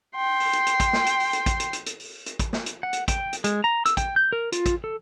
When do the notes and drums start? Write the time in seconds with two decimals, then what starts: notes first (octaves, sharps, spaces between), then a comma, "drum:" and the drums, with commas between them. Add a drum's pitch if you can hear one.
0.16 G5 C6
0.40 drum: open hi-hat
0.53 drum: hi-hat
0.67 drum: hi-hat
0.80 drum: kick, hi-hat
0.93 drum: snare
1.06 drum: hi-hat
1.20 drum: open hi-hat
1.33 drum: hi-hat
1.46 drum: kick, hi-hat
1.60 drum: hi-hat
1.73 drum: hi-hat
1.86 drum: hi-hat
2.00 drum: open hi-hat
2.26 drum: hi-hat
2.39 drum: kick, hi-hat
2.53 drum: snare
2.66 drum: hi-hat
2.83 F#5
2.93 drum: hi-hat
3.08 G5, drum: kick, hi-hat
3.33 drum: hi-hat
3.44 G#3, drum: hi-hat
3.64 A#5
3.86 E6, drum: hi-hat
3.97 G5, drum: kick, hi-hat
4.16 G6
4.33 A#4
4.52 F4, drum: hi-hat
4.66 drum: kick, hi-hat
4.84 A4